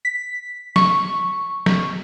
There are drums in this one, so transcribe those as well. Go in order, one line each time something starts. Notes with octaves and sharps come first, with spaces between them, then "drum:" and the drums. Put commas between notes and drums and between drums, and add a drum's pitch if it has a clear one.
B6
C#6, drum: snare
drum: snare